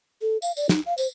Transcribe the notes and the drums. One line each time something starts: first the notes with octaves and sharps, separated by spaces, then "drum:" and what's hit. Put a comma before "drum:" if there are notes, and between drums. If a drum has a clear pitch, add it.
A4
F5, drum: tambourine
D5, drum: tambourine
D#4, drum: snare
F5
C5, drum: tambourine